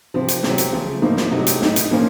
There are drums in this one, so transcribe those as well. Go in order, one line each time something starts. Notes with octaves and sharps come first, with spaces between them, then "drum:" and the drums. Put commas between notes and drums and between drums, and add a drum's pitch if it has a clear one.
C3 F3 C4
drum: hi-hat
C3 F#3 A3 C4, drum: snare
drum: hi-hat
C#3 F3 A3
A2 F3 A#3 D#4
drum: snare
C3 F#3 A3 D#4
drum: hi-hat
A2 A3 D#4, drum: snare
drum: hi-hat
A#2 F3 A#3 C#4